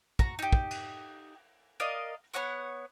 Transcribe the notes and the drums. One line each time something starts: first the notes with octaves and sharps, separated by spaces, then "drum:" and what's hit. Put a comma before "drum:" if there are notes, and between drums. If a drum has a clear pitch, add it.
F#4 A#5, drum: kick
D#4 G4
drum: kick
drum: cymbal
A#4 D5 D#5 F5
B3 C#5 F#5 C#6